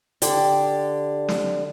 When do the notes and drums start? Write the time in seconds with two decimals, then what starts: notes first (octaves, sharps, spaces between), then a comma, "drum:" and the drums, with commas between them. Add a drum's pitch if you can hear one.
0.22 D3 G4 D5, drum: hi-hat
1.28 drum: snare